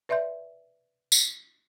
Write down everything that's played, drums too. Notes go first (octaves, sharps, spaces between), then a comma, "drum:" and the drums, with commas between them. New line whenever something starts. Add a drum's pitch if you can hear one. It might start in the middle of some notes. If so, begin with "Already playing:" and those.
B4 D5 E5 C6 G6
drum: tambourine